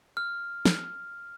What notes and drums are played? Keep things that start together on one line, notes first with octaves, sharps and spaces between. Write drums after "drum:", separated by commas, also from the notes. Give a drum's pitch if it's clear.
F6
drum: snare